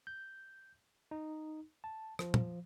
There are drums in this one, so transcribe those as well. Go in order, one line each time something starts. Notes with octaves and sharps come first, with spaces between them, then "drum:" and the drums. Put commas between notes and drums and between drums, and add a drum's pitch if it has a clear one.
G6
D#4
A5
F3, drum: rim click
drum: tom